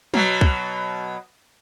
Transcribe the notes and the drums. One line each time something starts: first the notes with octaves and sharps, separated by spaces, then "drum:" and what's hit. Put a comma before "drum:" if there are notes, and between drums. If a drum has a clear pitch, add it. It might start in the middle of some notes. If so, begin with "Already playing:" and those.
B2 F#3, drum: tom
drum: kick C2